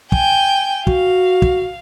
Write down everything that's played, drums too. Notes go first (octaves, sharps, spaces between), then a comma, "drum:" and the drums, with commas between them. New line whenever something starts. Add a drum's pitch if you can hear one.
G5 G#5, drum: kick
F#4 F5, drum: kick
drum: kick